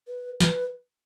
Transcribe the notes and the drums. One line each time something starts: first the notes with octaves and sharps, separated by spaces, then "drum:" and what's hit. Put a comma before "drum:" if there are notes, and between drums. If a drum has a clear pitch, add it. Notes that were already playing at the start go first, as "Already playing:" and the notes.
B4
B4, drum: snare